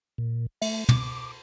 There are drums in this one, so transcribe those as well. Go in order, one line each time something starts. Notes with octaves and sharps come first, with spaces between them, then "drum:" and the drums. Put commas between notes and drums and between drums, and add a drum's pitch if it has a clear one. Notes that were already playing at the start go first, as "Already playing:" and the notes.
A#2
A3, drum: cymbal
D6, drum: tom